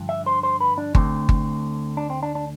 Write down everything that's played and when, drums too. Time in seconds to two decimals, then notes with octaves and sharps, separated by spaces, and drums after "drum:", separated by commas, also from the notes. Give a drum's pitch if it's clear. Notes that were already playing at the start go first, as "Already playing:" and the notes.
Already playing: G2 D3 F3
0.09 E5
0.26 C5
0.43 C5
0.60 B4
0.78 D4
0.95 D2 D3 A3 C4, drum: kick G1
1.29 drum: kick G1
1.97 D4
2.10 C4
2.23 D4
2.35 D4